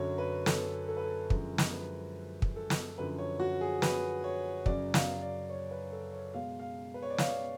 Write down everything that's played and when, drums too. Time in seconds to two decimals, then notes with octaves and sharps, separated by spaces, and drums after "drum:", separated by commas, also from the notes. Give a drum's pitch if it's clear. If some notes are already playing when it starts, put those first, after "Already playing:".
Already playing: F#2 D3 F#3 C#5
0.18 B4
0.46 A4, drum: snare
0.88 A4
0.97 B4
1.04 A4
1.30 F#2 D3 F3 G#3, drum: kick
1.58 drum: snare
1.73 B4
2.42 drum: kick
2.56 A4
2.70 drum: snare
2.98 F#2 D3 F3 B4
3.18 C#5
3.40 F#4
3.61 G#4
3.82 B4, drum: snare
4.24 C#5
4.66 F#2 C#3 F#3 D5, drum: kick
4.94 F5, drum: snare
5.22 D5
5.50 C#5
5.71 B4
5.92 A4
6.13 C#5
6.34 B2 G#3 F5
6.59 F5
6.94 B4
7.02 C#5
7.10 D5
7.18 F5, drum: snare